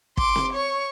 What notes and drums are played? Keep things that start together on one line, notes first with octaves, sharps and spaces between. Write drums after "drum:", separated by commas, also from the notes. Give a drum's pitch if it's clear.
C6 D6, drum: kick
drum: snare C4
C#5 C#6